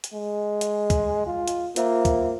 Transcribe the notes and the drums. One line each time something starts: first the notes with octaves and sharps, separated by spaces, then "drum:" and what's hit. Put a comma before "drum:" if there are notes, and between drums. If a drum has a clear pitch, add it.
drum: hi-hat
G#3
drum: hi-hat
drum: kick, hi-hat
F4
drum: hi-hat
A#3 F4 C5 E5, drum: hi-hat
drum: kick, hi-hat